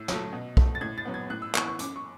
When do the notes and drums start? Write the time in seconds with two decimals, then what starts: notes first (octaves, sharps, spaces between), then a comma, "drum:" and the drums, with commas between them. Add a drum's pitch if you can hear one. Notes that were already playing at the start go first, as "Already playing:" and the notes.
Already playing: A2 E6
0.08 F#3, drum: snare
0.13 A3
0.33 B2
0.57 A3, drum: kick
0.75 A6
0.81 A2 G#6
0.98 A6
1.05 F#3 B3
1.14 G#6
1.30 A2 F#6
1.42 E6
1.55 E3 B3 C#6, drum: clap
1.67 C#6
1.79 F#2 D6, drum: hi-hat
1.96 C#6